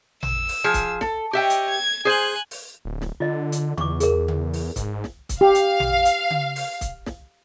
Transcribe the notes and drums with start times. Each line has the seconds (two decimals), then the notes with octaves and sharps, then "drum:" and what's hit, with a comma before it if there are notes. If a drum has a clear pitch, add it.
0.23 E6, drum: tom A1
0.49 drum: open hi-hat
0.64 F3 G#4
0.74 drum: kick C#1, hi-hat
1.01 A4, drum: snare
1.33 G4 C#5 D#5 E5 G5
1.50 drum: hi-hat
1.69 G#6
2.05 G#4 C5 G#5 F#6
2.51 drum: open hi-hat
2.85 D1
3.02 drum: snare
3.20 D3 F4 D#5
3.52 drum: hi-hat
3.78 E2 C#6 D6, drum: tom C#3
4.00 G#4 A#4, drum: hi-hat
4.28 drum: tom C#3
4.53 drum: open hi-hat
4.76 G#2, drum: kick C#1, hi-hat
5.04 drum: snare
5.29 drum: kick C#1, hi-hat
5.41 G4 F5
5.55 drum: hi-hat
5.80 drum: tom A1
6.05 drum: hi-hat
6.31 drum: tom C#3
6.56 drum: open hi-hat
6.81 drum: kick C#1, hi-hat
7.06 drum: snare